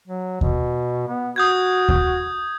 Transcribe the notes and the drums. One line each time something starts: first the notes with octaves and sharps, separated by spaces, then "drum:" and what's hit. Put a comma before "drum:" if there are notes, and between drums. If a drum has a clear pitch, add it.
F#3
B2, drum: kick D#2
B3
F#4 D#6 G6 G#6
drum: kick D#2